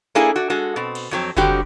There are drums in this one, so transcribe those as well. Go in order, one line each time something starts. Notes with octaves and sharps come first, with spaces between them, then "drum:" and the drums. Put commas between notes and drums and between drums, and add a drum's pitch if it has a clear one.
A#3 D4 E4 G#4 A4 G#5
D4 F#4
G#3 F#4 A4
B2 C4
drum: cymbal
F2 F#3 C4
D3 G3 G#3 C4 F#4 G4, drum: kick F1